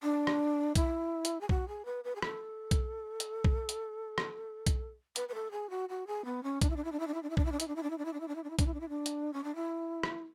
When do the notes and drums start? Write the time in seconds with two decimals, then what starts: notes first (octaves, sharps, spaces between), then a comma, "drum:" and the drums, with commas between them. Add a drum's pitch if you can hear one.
0.03 D4
0.27 drum: rim click
0.75 E4, drum: kick B1, hi-hat
1.25 drum: hi-hat
1.41 G#4
1.49 F#4, drum: kick B1
1.68 G#4
1.85 B4
2.04 B4
2.15 G#4
2.22 A4, drum: rim click
2.71 drum: kick B1, hi-hat
3.20 drum: hi-hat
3.44 drum: kick B1
3.69 drum: hi-hat
4.18 drum: rim click
4.66 drum: kick B1, hi-hat
5.16 B4, drum: hi-hat
5.29 B4
5.34 A4
5.51 G#4
5.70 F#4
5.89 F#4
6.07 G#4
6.25 B3
6.43 C#4
6.61 D4, drum: kick B1, hi-hat
6.70 E4
6.76 D4
6.84 E4
6.92 D4
7.00 E4
7.07 D4
7.14 E4
7.23 D4
7.30 E4
7.37 D4, drum: kick B1
7.45 E4
7.52 D4
7.60 E4, drum: hi-hat
7.68 D4
7.76 E4
7.83 D4
7.90 E4
7.98 D4
8.05 E4
8.13 D4
8.20 E4
8.28 D4
8.35 E4
8.44 D4
8.50 E4
8.59 D4, drum: kick B1, hi-hat
8.66 E4
8.74 D4
8.80 E4
8.89 D4
9.06 drum: hi-hat
9.33 C#4
9.44 D4
9.55 E4
10.03 drum: rim click